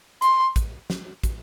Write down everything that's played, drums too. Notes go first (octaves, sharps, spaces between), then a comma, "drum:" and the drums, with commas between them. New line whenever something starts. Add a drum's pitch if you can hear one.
C6, drum: hi-hat
drum: kick, hi-hat
drum: snare
drum: kick, hi-hat